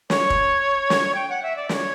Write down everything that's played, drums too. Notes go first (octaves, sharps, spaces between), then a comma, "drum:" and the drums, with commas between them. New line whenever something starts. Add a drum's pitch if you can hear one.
C#5, drum: snare
drum: kick
drum: snare
G5
F#5
E5
D5
D5, drum: snare
C#5